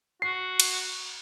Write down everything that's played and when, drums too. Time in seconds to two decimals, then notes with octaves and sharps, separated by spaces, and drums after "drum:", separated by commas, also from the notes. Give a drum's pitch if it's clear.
0.22 F#4 C7
0.60 drum: cymbal